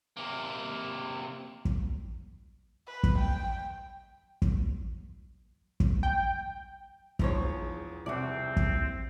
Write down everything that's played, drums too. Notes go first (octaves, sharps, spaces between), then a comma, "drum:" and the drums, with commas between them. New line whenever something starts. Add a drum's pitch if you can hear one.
C3 A#3
drum: kick
B4
drum: kick
G5
drum: kick
drum: kick
G5
E1 E2 F3 D#4 C5 C#5, drum: kick
C2 C4 F#4 C#5 D5
drum: kick